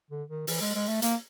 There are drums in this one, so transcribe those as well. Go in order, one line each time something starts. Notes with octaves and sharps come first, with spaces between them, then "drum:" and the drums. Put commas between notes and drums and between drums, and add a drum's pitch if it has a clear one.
D3
D#3
E3, drum: open hi-hat
G#3
G#3
A3
A#3, drum: hi-hat